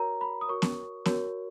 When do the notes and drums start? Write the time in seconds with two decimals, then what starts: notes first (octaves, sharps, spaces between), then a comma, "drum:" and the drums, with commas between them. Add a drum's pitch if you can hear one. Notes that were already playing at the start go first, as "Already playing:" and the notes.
Already playing: F#4 A#4 C#5 A#5
0.21 B5
0.41 D#6
0.48 F#4 A#4 C#5 C#6
0.62 drum: snare B3
1.06 F#4 A#4 C#5, drum: snare B3